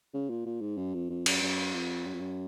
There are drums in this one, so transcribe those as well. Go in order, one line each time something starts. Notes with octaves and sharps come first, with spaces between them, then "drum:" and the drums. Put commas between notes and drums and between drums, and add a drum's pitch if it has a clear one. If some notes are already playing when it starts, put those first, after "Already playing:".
C#3
A#2
A#2
G#2
F#2
F2
F2
F#2, drum: cymbal
F#2
F2
F#2
F2
F#2